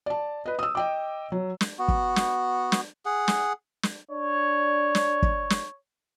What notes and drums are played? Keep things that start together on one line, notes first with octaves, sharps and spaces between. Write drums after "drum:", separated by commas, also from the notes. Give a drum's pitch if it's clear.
D5 A5
B4 D#5
D#6 E6
D#5 G5 D6
F#3
drum: snare
B3 F#4
drum: kick
drum: snare
drum: snare
G#4 F#5
drum: snare
drum: snare
D4 C#5 D5
drum: snare
drum: kick
drum: snare